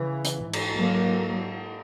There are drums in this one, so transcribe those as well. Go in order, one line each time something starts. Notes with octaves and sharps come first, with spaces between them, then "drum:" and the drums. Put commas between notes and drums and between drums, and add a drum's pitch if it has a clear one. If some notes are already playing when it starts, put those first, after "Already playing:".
Already playing: C#3 E3
drum: hi-hat
G#2
drum: cymbal
F#3 A#3